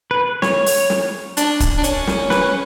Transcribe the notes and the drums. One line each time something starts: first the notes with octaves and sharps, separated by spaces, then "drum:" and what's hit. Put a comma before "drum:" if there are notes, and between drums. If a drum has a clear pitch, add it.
B4
C#5, drum: snare
drum: open hi-hat
drum: snare
D4, drum: hi-hat
drum: kick, hi-hat
D4
C#4, drum: hi-hat
drum: snare
B4, drum: snare